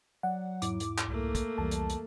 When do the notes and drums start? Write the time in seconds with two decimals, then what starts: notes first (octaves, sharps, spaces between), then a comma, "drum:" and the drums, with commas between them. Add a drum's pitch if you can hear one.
0.23 F#3 D5 F#5
0.62 E2 G#2 E4 D6, drum: hi-hat
0.80 drum: hi-hat
0.98 drum: clap
1.08 C2 A3 A#3
1.35 drum: kick, hi-hat
1.58 C2 F2 E3 G3 A5
1.71 drum: hi-hat
1.89 drum: hi-hat